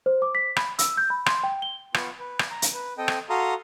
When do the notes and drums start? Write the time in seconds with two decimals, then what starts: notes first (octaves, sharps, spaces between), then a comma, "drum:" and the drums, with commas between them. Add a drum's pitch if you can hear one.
0.06 C5
0.22 D6
0.35 B6
0.56 B5, drum: rim click
0.79 E6, drum: hi-hat
0.97 G6
1.10 B5
1.26 C6, drum: rim click
1.44 G5
1.62 G7
1.94 B3 F4 C#6, drum: rim click
2.20 B4
2.39 drum: rim click
2.51 A#5
2.62 drum: hi-hat
2.74 B4
2.98 C4 A4 D#5 G5
3.08 drum: rim click
3.30 F#4 A4 F5 A#5 C6 D#6